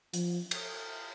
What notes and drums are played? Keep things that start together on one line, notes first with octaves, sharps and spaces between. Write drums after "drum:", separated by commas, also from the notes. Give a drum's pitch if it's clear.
F3, drum: hi-hat
drum: cymbal